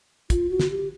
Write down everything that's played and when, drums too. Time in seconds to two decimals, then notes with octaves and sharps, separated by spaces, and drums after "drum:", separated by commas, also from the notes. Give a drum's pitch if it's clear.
0.30 F4, drum: kick, hi-hat
0.49 F#4
0.60 drum: snare
0.70 G4